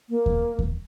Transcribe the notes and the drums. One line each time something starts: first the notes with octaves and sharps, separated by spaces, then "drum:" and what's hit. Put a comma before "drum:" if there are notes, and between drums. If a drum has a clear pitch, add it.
A#3
drum: kick D#2
drum: kick D#2